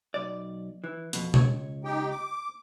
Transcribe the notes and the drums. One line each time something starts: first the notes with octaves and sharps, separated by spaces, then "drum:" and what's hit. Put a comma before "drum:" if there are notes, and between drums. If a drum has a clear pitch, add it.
B1 D5
E3
F2 B2, drum: hi-hat
C#2 C#5, drum: tom B2
D#4 G4 G5
D6